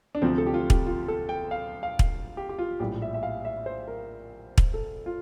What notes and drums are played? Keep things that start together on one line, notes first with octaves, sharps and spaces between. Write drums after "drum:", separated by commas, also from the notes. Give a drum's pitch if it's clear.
D4
D2 C3 F3 C4
A4
G4
F4
G4, drum: kick
F4
A4
G5
F5
F5
drum: kick
G4
G4
F4
A#1 A2 G3 G4
E5
E5
F5
E5
C5
A#4
drum: kick
A4
F4